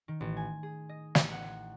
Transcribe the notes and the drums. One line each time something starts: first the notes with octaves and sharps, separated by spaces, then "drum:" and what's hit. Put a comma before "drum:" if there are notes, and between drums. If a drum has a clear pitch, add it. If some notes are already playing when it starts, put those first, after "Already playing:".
D#3
A1
G#5
G#4
D#5
A1, drum: snare
F#5